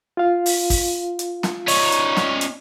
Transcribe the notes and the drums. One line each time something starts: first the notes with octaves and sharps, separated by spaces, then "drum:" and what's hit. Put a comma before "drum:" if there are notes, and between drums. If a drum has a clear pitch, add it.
F4 F5
drum: open hi-hat
drum: kick, open hi-hat
drum: hi-hat
drum: snare
C#4 D#4 C#6, drum: open hi-hat
drum: hi-hat
drum: snare
drum: hi-hat